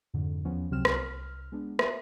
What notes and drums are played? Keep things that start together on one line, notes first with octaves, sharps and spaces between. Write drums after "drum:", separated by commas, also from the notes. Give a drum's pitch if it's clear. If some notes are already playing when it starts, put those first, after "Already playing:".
F2 G#2 D3
E2 F3 B3 C#4
C#2 C3 F#3 C4 F6 E7
C2 F6, drum: rim click
G#3 B3 D4
E5 D#7, drum: rim click